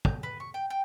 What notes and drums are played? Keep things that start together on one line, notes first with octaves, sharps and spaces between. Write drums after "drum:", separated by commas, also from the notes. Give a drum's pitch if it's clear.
G6, drum: kick
B4
C#6
G5
G5